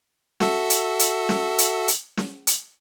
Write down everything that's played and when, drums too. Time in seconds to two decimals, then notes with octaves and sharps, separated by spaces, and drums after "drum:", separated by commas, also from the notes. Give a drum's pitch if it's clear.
0.40 F#4 A4 E5, drum: snare
0.70 drum: hi-hat
0.99 drum: hi-hat
1.29 drum: snare
1.58 drum: hi-hat
1.88 drum: hi-hat
2.17 drum: snare
2.47 drum: hi-hat